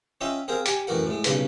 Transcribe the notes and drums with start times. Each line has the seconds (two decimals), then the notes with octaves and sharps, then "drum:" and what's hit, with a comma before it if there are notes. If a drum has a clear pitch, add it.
0.21 C#4 F4 D#5 E5 G5
0.48 C4 G#4 A#4 C5 F5
0.66 G4 G5 G#5, drum: hi-hat
0.87 F#2 A2 E3 F#4 A#4 F#5
1.07 A2 G#3
1.24 B1 G2 C#3 D4 B4 C6, drum: hi-hat